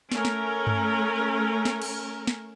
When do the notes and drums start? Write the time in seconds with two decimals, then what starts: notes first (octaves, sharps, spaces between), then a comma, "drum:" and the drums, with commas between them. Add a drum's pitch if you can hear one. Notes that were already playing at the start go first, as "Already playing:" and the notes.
0.12 A3 C#4 A#4, drum: snare
0.25 drum: snare
0.67 drum: tom G2
1.65 drum: snare
1.82 drum: cymbal
2.27 drum: snare